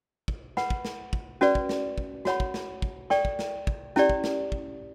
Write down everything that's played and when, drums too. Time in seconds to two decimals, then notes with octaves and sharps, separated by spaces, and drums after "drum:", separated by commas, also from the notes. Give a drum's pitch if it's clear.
0.28 drum: kick
0.57 B4 F#5 B5, drum: snare
0.70 drum: kick
0.85 drum: snare
1.13 drum: kick
1.41 C#4 F#4 B4 D5, drum: snare
1.55 drum: kick
1.69 drum: snare
1.98 drum: kick
2.25 F#4 C#5 F#5 B5, drum: snare
2.40 drum: kick
2.54 drum: snare
2.82 drum: kick
3.10 A4 D5 G5 C#6, drum: snare
3.25 drum: kick
3.39 drum: snare
3.67 drum: kick
3.96 C#4 E4 G4 D5, drum: snare
4.10 drum: kick
4.24 drum: snare
4.52 drum: kick